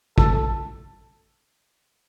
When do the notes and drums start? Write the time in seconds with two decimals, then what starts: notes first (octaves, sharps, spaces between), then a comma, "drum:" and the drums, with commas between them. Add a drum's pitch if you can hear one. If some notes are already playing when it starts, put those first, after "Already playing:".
0.18 A4, drum: kick